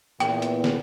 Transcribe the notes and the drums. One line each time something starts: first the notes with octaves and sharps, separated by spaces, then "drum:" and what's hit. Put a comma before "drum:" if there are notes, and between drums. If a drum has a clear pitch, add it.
E2 A#2 G5, drum: hi-hat
drum: hi-hat
drum: snare